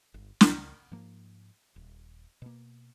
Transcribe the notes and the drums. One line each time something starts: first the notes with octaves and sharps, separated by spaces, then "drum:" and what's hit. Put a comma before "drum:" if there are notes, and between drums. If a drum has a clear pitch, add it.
G1
C#2, drum: snare
G#2 F3 A#3
D#1
B2 A#3